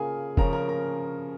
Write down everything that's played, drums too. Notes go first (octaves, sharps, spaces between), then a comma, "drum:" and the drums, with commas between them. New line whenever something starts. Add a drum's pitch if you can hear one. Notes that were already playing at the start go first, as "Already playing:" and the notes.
Already playing: C#3 A#3 F4 G#4 A#4 G#5
C#3 F3 C#4 A#4 A#5, drum: kick F1
A#4 A#5
A#4 A#5